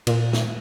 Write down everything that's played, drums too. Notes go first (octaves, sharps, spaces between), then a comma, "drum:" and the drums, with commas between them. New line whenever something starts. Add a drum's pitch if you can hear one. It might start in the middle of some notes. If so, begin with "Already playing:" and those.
A#2, drum: cymbal
drum: snare